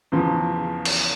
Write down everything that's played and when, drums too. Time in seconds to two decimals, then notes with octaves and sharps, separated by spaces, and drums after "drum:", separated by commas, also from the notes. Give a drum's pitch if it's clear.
0.12 E2 C#3 F3
0.85 drum: cymbal